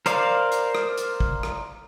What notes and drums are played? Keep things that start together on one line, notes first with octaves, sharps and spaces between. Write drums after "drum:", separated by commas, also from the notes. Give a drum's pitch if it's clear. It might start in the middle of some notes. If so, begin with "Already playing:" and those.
A#4 C5 D5 F5, drum: hi-hat
drum: hi-hat
drum: rim click
drum: hi-hat
drum: kick
drum: rim click